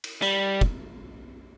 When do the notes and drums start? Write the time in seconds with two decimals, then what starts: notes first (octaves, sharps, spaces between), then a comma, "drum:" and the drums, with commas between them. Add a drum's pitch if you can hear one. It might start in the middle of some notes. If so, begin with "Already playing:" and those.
0.04 drum: cymbal
0.22 G3, drum: hi-hat
0.61 drum: kick